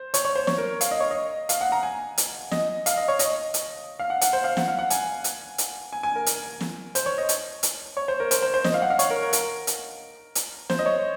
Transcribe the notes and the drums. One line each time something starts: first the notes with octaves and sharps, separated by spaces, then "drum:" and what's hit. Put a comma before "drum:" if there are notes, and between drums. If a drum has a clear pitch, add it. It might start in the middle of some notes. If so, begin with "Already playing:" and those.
Already playing: C5
C#5, drum: hi-hat
C#5
C5
C#5, drum: snare
A#4
F5, drum: hi-hat
D#5
C#5
D#5
F5, drum: hi-hat
F#5
A#5
G#5
drum: hi-hat
D#5, drum: snare
F5, drum: hi-hat
D#5
C#5
D#5, drum: hi-hat
drum: hi-hat
F5
F#5
F#5, drum: hi-hat
C5
F5
F#5, drum: snare
F5
F#5
G#5, drum: hi-hat
drum: hi-hat
drum: hi-hat
G#5
G#5
A#4
drum: hi-hat
drum: snare
C5, drum: hi-hat
C#5
D#5
drum: hi-hat
drum: hi-hat
C#5
C5
A#4
C5, drum: hi-hat
C5
C5
D#5, drum: snare
F5
F#5
F5
C#5, drum: hi-hat
A#4
A#4
A#4, drum: hi-hat
drum: hi-hat
drum: hi-hat
C5, drum: snare
D#5
C#5